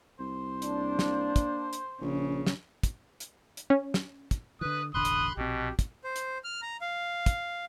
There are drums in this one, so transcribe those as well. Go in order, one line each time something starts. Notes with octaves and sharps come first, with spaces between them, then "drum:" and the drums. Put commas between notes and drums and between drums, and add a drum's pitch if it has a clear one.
C2 C5
A#3 D4, drum: hi-hat
drum: snare
drum: kick, hi-hat
drum: hi-hat
A#1 C#3
drum: snare
drum: kick, hi-hat
drum: hi-hat
drum: hi-hat
C#4
drum: snare
drum: kick, hi-hat
D3 E3 B4 D#6 F#6
E1 A1 D3 B5 C6 D#6 F#6
drum: hi-hat
A#1 B2 C4 G4
drum: kick, hi-hat
C5
drum: hi-hat
F6
A#5
F5
drum: kick, hi-hat